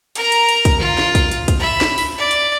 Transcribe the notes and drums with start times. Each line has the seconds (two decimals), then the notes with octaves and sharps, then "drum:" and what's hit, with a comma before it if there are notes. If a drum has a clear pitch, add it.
0.15 A#4 A#5, drum: hi-hat
0.32 drum: hi-hat
0.49 drum: hi-hat
0.65 drum: kick, hi-hat
0.80 F4, drum: tom D3
0.98 drum: snare
1.15 drum: kick, hi-hat
1.31 drum: hi-hat
1.48 drum: kick, hi-hat
1.59 E5 B5
1.81 drum: snare
1.98 drum: open hi-hat
2.18 D5
2.31 drum: hi-hat